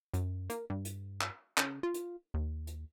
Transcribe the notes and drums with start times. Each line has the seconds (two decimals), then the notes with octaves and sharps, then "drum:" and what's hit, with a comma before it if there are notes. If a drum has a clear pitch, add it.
0.14 F#2, drum: hi-hat
0.50 A#3, drum: hi-hat
0.70 G2
0.85 drum: hi-hat
1.21 drum: clap
1.58 C#3, drum: clap
1.83 F4
1.94 drum: hi-hat
2.34 D#2
2.67 drum: hi-hat